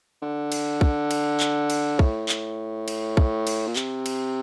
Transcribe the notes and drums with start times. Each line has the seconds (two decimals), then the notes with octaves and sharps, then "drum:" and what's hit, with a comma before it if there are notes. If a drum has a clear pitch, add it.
0.22 D3
0.52 drum: cymbal
0.81 drum: kick
1.11 drum: cymbal
1.40 drum: clap
1.70 drum: cymbal
1.99 A2, drum: kick
2.29 drum: clap
2.88 drum: cymbal
3.17 drum: kick
3.47 drum: cymbal
3.67 A#2
3.76 C3, drum: clap
4.06 drum: cymbal